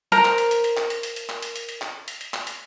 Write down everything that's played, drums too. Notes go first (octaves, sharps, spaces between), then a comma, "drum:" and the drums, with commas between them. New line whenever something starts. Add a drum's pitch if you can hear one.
A#4 C5 A#5, drum: hi-hat
drum: clap
drum: hi-hat
drum: hi-hat
drum: hi-hat
drum: clap
drum: hi-hat
drum: hi-hat
drum: hi-hat
drum: clap
drum: hi-hat
drum: hi-hat
drum: hi-hat
drum: clap
drum: hi-hat
drum: hi-hat
drum: clap
drum: hi-hat